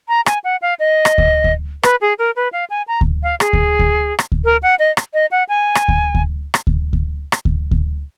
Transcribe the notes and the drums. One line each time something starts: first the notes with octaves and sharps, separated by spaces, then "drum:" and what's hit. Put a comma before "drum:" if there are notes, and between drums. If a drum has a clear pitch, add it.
A#5
G#5, drum: rim click
F#5
F5
D#5
drum: rim click
drum: kick D2
drum: kick D2
B4, drum: rim click
G#4
A#4
B4
F5
G#5
A#5
drum: kick D2
F5
G#4, drum: rim click
drum: kick D2
drum: kick D2
drum: rim click
drum: kick D2
A#4
F#5
D#5
drum: rim click
D#5
F#5
G#5
drum: rim click
drum: kick D2
drum: kick D2
drum: rim click
drum: kick D2
drum: kick D2
drum: rim click
drum: kick D2
drum: kick D2